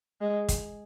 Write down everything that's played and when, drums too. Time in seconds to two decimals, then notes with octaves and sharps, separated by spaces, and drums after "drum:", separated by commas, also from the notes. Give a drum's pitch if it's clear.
0.21 G#3
0.49 drum: kick, hi-hat